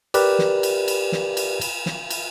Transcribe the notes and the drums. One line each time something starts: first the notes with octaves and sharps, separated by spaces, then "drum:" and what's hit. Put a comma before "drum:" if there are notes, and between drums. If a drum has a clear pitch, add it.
G4 A#4 B4 D5, drum: cymbal
drum: snare
drum: cymbal
drum: cymbal
drum: snare
drum: cymbal
drum: cymbal
drum: snare
drum: cymbal